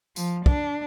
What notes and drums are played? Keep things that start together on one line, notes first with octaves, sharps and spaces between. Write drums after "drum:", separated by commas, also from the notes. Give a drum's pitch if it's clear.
F3, drum: tambourine
D4, drum: kick